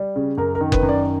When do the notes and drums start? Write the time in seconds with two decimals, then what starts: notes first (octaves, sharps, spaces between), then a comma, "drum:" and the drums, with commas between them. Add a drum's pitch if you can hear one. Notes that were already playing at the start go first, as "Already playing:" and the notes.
Already playing: G3
0.16 C#3
0.37 F#2 A#4
0.55 A#4
0.61 D#3
0.72 B4, drum: kick F#1
0.83 F#2
0.89 D5